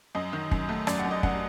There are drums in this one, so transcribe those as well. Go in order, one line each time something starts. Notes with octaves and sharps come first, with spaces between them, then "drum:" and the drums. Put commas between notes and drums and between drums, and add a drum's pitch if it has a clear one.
F#2 D#5
D#3
F#2, drum: kick
A3
F#2 D5, drum: rim click
F#5
F#2
D#5
F#2 F#5, drum: kick